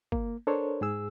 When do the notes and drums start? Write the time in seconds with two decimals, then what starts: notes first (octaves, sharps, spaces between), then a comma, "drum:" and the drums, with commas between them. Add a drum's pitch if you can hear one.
0.12 A#3, drum: kick
0.47 D4 A4 A#4 C5 C#5
0.81 G#2 G#4 E6